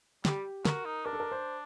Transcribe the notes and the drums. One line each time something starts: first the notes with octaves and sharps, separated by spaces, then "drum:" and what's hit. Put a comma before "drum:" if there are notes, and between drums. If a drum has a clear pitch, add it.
G3 G4, drum: snare
F#4 A#4, drum: snare
D#4
D4 A#4
A4
A#4
C5